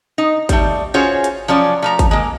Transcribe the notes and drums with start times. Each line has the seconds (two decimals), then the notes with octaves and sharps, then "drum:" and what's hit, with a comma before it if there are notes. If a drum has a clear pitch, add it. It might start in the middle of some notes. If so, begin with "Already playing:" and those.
0.18 D#4
0.49 G3 A3, drum: kick G#1, hi-hat
0.94 C#4 F4 F#4 G#4 C5 C#5
1.24 drum: hi-hat
1.48 F3 F#3 C#4 D5
1.82 F3 A3 A#5
1.99 drum: kick G#1, hi-hat
2.11 G#3 A#3